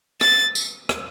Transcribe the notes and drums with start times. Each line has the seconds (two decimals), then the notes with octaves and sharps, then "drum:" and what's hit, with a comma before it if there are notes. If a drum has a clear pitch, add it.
0.21 A6, drum: rim click
0.55 drum: tambourine
0.89 drum: rim click